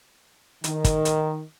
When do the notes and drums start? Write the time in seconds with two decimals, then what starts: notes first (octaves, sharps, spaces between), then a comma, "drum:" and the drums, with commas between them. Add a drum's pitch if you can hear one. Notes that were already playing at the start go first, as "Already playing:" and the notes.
0.64 D#3, drum: hi-hat
0.84 drum: kick, hi-hat
1.05 drum: hi-hat